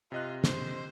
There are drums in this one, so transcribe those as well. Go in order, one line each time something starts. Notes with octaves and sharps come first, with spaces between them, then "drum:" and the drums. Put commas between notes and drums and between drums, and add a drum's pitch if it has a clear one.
C3 F4 D#5 F#6
C5, drum: snare